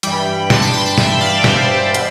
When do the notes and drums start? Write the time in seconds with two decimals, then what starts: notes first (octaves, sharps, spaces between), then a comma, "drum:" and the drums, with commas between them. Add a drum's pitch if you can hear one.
0.03 G2 E3 G3 G5 B5, drum: hi-hat
0.50 A5 C6, drum: snare
0.62 G5 B5
0.74 A5 C6
0.85 G5 B5
0.98 E5 G5, drum: snare
1.21 D5 F5
1.44 C5 E5, drum: snare
1.94 B2, drum: hi-hat